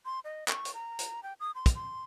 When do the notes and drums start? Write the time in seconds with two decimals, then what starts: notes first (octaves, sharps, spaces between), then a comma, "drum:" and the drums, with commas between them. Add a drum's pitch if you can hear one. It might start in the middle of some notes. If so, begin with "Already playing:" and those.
0.05 C6
0.25 D#5
0.48 C#6, drum: clap
0.65 drum: hi-hat
0.74 A#5
0.99 drum: hi-hat
1.23 G5
1.40 D#6
1.55 C6
1.66 drum: kick, hi-hat
1.75 C6